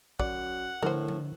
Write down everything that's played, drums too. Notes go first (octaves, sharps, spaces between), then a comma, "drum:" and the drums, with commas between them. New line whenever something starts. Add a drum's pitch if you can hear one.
F#2 D5 F#5, drum: kick
A2 D3 A#4 C5, drum: tom F3
drum: tom F3